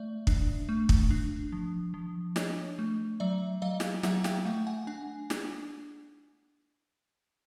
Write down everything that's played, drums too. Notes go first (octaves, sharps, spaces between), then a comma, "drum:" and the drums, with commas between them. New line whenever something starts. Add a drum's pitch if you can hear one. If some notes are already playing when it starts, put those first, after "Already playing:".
Already playing: A3 D5 E5
D4, drum: kick
A3
drum: kick
D4
F3
F3
D4 C#5 D#5, drum: snare
A3
F#3 D5 E5
F#3 D#5 F5
drum: snare
F#3 E5 F#5, drum: snare
F5 G5, drum: snare
A3 E5 F#5
F#5 G#5
D4 F#5 G#5
D4, drum: snare